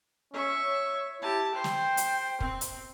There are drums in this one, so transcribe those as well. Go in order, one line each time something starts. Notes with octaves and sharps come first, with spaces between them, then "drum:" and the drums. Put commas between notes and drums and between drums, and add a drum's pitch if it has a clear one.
C#4 E5 C#6
C#5
E4 G4 A5
C5 G5
drum: snare
drum: hi-hat
C4, drum: kick
drum: hi-hat